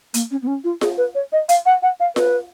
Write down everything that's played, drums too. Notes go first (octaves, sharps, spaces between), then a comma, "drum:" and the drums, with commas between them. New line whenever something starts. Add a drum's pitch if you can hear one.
A#3, drum: hi-hat
C#4
B3
C#4
F4
G#4, drum: snare F4
B4
C#5
D#5
F5, drum: hi-hat
F#5
F#5
F5
B4, drum: snare F4